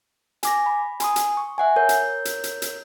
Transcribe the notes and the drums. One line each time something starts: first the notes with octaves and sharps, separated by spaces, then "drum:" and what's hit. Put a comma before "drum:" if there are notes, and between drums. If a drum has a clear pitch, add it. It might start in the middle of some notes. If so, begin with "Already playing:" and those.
G#5 D6 A#6, drum: hi-hat
B5
G#5 C6 D#6, drum: hi-hat
drum: hi-hat
C#6
E5 F#5 G#5
A#4 C#5 G6
drum: hi-hat
drum: hi-hat
drum: hi-hat
drum: hi-hat